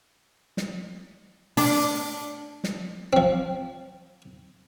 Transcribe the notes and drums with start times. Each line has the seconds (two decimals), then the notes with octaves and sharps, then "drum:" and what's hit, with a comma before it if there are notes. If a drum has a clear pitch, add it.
0.57 drum: snare
1.57 D4, drum: open hi-hat
2.64 drum: snare
3.13 F3 C4